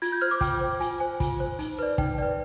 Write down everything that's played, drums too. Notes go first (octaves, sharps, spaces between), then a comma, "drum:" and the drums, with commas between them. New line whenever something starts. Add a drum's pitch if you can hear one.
F4 G#6, drum: hi-hat
G6
C5 F6
D6
F4 G5, drum: kick, hi-hat
C5
F4 G#5, drum: hi-hat
C5 G#5
F4, drum: kick, hi-hat
C5
D#4, drum: hi-hat
B4 D5
D#4 G5, drum: kick
B4 D5